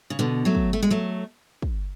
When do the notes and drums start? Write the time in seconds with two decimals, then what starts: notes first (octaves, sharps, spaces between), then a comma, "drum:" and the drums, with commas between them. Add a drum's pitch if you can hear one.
0.10 C#3
0.19 B2 D3
0.45 F#3 A3
0.55 drum: kick
0.73 A3
0.82 G#3
0.90 F#3 A3
1.62 drum: kick